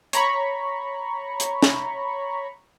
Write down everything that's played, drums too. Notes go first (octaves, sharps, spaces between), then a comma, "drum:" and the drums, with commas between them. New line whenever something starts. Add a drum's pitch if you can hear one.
C#5 A#5 B5 C#6, drum: hi-hat
drum: hi-hat
drum: snare